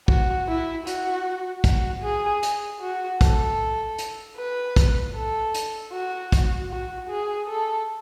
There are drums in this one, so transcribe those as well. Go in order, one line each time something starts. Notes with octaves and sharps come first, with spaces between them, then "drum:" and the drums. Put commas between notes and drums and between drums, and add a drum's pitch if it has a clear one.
F#4, drum: kick
E4
F#4, drum: hi-hat
F#4, drum: kick, hi-hat
G#4
G#4, drum: hi-hat
F#4
A4, drum: kick, hi-hat
drum: hi-hat
B4
drum: kick, hi-hat
A4
drum: hi-hat
F#4
drum: kick, hi-hat
F#4
G#4
A4